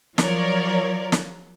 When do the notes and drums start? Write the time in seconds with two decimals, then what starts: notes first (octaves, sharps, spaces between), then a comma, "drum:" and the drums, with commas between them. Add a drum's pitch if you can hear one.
0.18 F3 F#3 A#4 C#5 D5, drum: snare
1.12 drum: snare